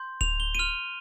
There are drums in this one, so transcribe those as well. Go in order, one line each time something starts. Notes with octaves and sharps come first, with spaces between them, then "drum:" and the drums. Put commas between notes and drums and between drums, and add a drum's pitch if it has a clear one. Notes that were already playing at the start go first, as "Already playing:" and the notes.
Already playing: C6 G6
F7, drum: kick D1
G7
D#7
C6 F6 F7